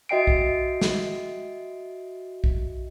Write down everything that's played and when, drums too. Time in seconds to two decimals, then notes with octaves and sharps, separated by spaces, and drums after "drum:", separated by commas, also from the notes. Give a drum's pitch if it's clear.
0.09 F#4 D#5 E5 G5 C7 D7
0.27 drum: kick B1
0.81 drum: snare
2.44 drum: kick B1